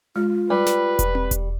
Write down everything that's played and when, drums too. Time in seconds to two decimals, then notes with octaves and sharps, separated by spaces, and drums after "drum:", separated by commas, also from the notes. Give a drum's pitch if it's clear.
0.16 G#3 F4
0.50 G3 B4
0.66 drum: snare
0.99 drum: kick E1, hi-hat
1.15 drum: tom C4
1.31 drum: kick E1, hi-hat